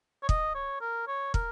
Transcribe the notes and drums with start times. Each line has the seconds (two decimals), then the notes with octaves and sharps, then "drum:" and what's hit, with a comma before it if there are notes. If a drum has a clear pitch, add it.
0.23 C#5
0.29 D#5, drum: kick
0.55 C#5
0.81 A#4
1.08 C#5
1.34 A#4, drum: kick